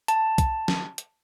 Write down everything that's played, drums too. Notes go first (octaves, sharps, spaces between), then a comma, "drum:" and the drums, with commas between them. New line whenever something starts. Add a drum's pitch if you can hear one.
A5, drum: hi-hat
drum: kick, hi-hat
drum: snare
drum: hi-hat